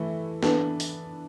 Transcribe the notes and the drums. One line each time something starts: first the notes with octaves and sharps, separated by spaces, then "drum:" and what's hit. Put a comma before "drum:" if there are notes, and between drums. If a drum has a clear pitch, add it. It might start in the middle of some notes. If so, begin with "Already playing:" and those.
Already playing: E3 A3 E4
E3 B3 D4 A4, drum: snare
drum: open hi-hat